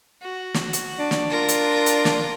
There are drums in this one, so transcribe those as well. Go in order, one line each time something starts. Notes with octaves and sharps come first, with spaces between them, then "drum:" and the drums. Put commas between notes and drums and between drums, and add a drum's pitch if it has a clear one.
F#4
drum: snare
drum: hi-hat
D4
drum: snare
F4 A#4
drum: hi-hat
drum: hi-hat
drum: snare